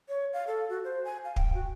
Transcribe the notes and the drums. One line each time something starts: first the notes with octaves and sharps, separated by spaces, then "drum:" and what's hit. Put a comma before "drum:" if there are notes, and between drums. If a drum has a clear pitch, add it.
C#5
F5
A4
F#4
C5
G#5
F5
G5, drum: kick
F#4